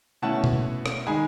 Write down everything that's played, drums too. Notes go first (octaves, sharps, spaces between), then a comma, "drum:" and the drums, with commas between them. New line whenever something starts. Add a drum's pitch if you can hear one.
B2 A3 C#4 E4 F#5 A5
drum: tom B2
drum: rim click
D#3 G#3 D#4 G#5 B5